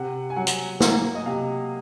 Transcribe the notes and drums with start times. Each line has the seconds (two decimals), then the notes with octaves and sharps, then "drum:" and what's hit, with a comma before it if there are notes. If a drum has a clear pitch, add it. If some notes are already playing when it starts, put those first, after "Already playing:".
Already playing: C3 F#5
0.30 G#5
0.36 F#3 F#5
0.47 drum: hi-hat
0.80 A#3 F#5, drum: snare
1.15 D#5
1.26 C3 F5